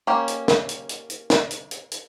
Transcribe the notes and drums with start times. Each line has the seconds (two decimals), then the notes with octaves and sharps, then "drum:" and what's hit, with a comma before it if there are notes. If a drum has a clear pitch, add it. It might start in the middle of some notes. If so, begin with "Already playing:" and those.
0.07 A#3 C#4 G4
0.28 drum: hi-hat
0.48 drum: snare
0.69 drum: hi-hat
0.89 drum: hi-hat
1.10 drum: hi-hat
1.30 drum: snare
1.51 drum: hi-hat
1.71 drum: hi-hat
1.91 drum: hi-hat